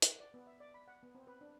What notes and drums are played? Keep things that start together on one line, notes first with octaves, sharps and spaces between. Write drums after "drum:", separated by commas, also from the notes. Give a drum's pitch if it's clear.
F#5, drum: hi-hat
D5
B3
E5
D5
B5
F#5
B3
C4
B4
D4